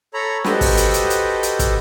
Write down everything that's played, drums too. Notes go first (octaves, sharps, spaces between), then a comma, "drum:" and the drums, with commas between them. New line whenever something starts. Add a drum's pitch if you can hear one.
A4 C#5 A#5 B5
F#4 G4 A4 B4 C5 D#5, drum: snare
drum: kick, open hi-hat
drum: hi-hat
drum: hi-hat
drum: hi-hat
drum: hi-hat
drum: kick, hi-hat